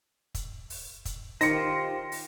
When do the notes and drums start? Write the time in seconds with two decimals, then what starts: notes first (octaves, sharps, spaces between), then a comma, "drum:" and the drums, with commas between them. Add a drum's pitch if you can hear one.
0.35 drum: kick, hi-hat
0.70 drum: open hi-hat
1.05 drum: kick, hi-hat
1.41 D#3 F4 G4 C5 A#6 C#7, drum: hi-hat
2.12 drum: open hi-hat